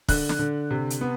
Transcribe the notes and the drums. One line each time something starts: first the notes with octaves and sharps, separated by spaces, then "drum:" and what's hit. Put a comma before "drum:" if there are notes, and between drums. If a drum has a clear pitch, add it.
D3 F#6, drum: kick, open hi-hat
drum: snare
D3
C3
drum: hi-hat
B3